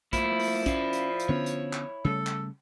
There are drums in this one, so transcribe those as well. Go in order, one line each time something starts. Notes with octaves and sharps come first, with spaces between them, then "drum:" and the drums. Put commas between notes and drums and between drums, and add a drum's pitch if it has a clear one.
F3 A3 A#3 E4, drum: kick, hi-hat
drum: open hi-hat
C#4 D5 F5, drum: kick, hi-hat
drum: hi-hat
drum: hi-hat
D3 B3 C#4 C#5
drum: hi-hat
drum: clap
C#3 G3 A3 A4
drum: clap